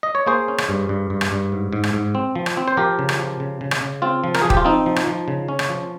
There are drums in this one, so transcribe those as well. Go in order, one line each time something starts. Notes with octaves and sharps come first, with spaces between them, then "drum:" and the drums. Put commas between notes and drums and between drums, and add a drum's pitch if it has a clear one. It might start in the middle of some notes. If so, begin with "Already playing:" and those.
D#5
C#5
A#3 G#4 C5
C#4
drum: rim click
G2
G2
G2
drum: rim click
G2
G#2
G#2
drum: rim click
G#2
C4
F3
drum: rim click
C4
C5
F3 G4 A#4
C#3
drum: rim click
F3
C#3
C#3
drum: rim click
C#3
C4 F4
F3
A#4, drum: rim click
G#4
F3
G4, drum: kick D#1
F4
C4 D#4
F3
drum: rim click
F3
C#3
C#4
drum: rim click
F3